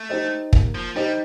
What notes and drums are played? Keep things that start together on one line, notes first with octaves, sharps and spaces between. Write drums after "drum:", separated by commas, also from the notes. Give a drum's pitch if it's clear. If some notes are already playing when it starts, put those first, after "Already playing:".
Already playing: A3
D#4 G4 C5 D#5
A#3, drum: kick
F3
G3 D#4 G4 C5 D#5